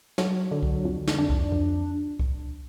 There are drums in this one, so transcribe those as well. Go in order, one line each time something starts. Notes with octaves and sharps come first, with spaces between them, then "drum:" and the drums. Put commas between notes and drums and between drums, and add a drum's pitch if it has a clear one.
F#3, drum: snare
D3
drum: kick C2
F2
drum: snare
D4
drum: kick C2
F2
drum: kick C2